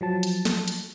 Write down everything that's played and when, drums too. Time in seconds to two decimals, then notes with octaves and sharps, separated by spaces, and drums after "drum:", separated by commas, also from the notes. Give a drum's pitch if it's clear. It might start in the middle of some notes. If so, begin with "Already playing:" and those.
0.01 F3 F#3 A5
0.23 drum: hi-hat
0.45 drum: snare
0.68 drum: hi-hat